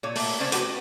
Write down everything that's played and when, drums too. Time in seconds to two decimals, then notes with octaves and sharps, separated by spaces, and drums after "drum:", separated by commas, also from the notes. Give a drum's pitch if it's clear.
0.03 A#2 C#5
0.16 A3 A#3, drum: open hi-hat
0.40 C#3 C#4 C5 D5
0.52 A3 F#4 G4 B4, drum: hi-hat